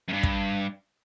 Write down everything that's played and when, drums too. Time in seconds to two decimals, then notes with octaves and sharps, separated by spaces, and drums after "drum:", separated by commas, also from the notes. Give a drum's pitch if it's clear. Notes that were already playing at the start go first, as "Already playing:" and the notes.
0.08 F#2
0.13 G2
0.23 drum: kick